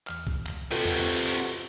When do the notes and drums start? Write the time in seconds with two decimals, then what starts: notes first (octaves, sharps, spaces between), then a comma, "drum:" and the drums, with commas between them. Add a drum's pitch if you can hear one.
0.07 E2 F6, drum: clap
0.27 drum: kick C2
0.46 drum: clap
0.71 C3 F4 F#4 A4 B4
0.85 drum: tom E2
1.24 drum: clap